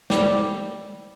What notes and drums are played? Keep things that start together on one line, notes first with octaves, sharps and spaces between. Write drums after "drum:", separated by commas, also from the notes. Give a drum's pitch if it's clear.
G3, drum: snare